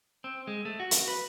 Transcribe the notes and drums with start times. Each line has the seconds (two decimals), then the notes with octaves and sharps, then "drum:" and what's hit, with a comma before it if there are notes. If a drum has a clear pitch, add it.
0.24 C4
0.47 G#3
0.65 A3
0.80 F#4
0.91 drum: hi-hat
1.08 B4